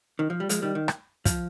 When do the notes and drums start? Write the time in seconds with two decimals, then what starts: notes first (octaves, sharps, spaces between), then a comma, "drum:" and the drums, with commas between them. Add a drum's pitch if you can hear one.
0.19 D#3
0.30 F3
0.40 G3
0.49 F3 G#3, drum: hi-hat
0.62 D#3 G3
0.75 D#3
0.88 drum: rim click
1.25 F3, drum: kick, hi-hat